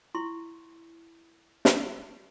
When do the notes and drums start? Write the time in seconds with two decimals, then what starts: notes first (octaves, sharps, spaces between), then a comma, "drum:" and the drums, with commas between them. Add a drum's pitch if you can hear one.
0.15 E4 C6 C#6
1.65 drum: snare